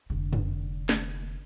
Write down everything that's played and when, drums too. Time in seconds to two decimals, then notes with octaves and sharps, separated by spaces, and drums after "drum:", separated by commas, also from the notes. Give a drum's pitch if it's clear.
0.10 F1 D3
0.33 drum: tom
0.89 drum: snare